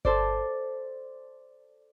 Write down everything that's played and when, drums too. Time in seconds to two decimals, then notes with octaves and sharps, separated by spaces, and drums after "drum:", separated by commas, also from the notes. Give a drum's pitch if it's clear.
0.05 A4 C5 D5, drum: kick G1